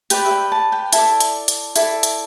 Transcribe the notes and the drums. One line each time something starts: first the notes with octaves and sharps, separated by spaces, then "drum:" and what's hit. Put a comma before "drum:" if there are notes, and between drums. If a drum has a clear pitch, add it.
G4 B4 D5 G5, drum: hi-hat
E5
G5
A5
G5
E4 A4 D5 A5, drum: hi-hat
drum: hi-hat
drum: hi-hat
E4 A4 D5, drum: hi-hat
drum: hi-hat